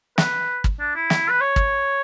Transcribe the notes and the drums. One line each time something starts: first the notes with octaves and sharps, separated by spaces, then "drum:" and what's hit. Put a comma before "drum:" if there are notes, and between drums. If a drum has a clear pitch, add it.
B4, drum: snare
drum: kick
D4
E4
drum: snare
B4
C#5
drum: kick